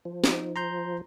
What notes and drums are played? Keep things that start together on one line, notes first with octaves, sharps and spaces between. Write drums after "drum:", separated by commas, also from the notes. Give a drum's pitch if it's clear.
F3
D#4, drum: snare
A#5 C6 G6